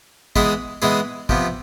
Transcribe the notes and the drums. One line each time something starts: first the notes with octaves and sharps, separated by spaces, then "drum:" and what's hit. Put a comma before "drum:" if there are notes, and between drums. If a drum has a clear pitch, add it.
E3 G#3 B3 E4 G#4, drum: kick
E3 G#3 B3 E4 G#4
C3 F3 B3, drum: kick